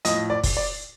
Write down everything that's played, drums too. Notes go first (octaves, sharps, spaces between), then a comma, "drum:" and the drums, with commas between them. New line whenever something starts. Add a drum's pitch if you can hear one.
A2 F3 D#5, drum: hi-hat
D5
drum: kick, open hi-hat
D5